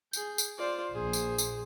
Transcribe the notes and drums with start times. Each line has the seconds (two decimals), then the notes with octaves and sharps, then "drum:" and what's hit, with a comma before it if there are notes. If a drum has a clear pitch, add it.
0.13 G#4 G6, drum: tambourine
0.38 drum: tambourine
0.58 F4 C5 D5
0.94 A#1 G#4 C5
1.13 drum: tambourine
1.38 drum: tambourine